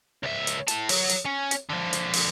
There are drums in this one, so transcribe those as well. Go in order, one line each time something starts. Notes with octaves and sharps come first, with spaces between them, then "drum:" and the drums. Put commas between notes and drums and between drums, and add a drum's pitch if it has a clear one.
C#2 E5
drum: hi-hat
E4 A5, drum: hi-hat
F#3, drum: open hi-hat
drum: hi-hat
C#4
drum: hi-hat
D3 F3
drum: hi-hat
drum: open hi-hat